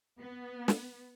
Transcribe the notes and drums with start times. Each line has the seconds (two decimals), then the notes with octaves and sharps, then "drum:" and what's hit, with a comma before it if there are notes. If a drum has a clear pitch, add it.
0.19 B3
0.68 drum: snare